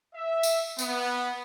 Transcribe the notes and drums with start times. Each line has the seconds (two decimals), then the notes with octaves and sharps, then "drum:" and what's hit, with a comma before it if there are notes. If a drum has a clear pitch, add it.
0.14 E5
0.43 drum: tambourine
0.79 B3, drum: tambourine